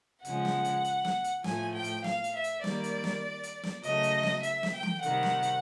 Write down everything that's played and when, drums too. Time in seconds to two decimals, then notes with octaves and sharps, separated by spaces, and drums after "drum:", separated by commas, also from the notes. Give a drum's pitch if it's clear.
0.25 C#3 F3 G#3 F#5, drum: hi-hat
0.45 drum: snare
0.65 drum: hi-hat
0.85 drum: hi-hat
1.05 drum: snare
1.24 drum: hi-hat
1.44 A2 F3 A3 G#5, drum: snare
1.75 G5
1.84 drum: hi-hat
2.04 F5, drum: snare
2.24 drum: hi-hat
2.34 E5
2.44 drum: hi-hat
2.64 D#3 G3 A#3 D5, drum: snare
2.84 drum: hi-hat
3.04 drum: snare
3.44 drum: hi-hat
3.63 drum: snare
3.83 C#3 F#3 A3 D#5, drum: hi-hat
4.03 drum: hi-hat
4.23 drum: snare
4.43 E5, drum: hi-hat
4.63 drum: snare
4.74 G5
4.83 drum: tom E3
5.03 C3 D#3 G3 F#5, drum: hi-hat
5.23 drum: snare
5.43 drum: hi-hat